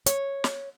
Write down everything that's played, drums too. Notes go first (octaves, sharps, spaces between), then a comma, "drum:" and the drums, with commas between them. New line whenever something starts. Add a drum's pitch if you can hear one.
C#5, drum: hi-hat
drum: snare